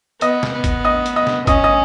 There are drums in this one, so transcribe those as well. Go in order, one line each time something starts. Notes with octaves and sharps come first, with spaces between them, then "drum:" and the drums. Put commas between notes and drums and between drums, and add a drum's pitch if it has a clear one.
B3 D#5 D#6, drum: hi-hat
drum: snare
B3
drum: kick G#1, hi-hat
D#5 D#6
drum: hi-hat
D#5 D#6
drum: snare
C#4 D#5 D#6, drum: kick G#1, hi-hat
D#5 D#6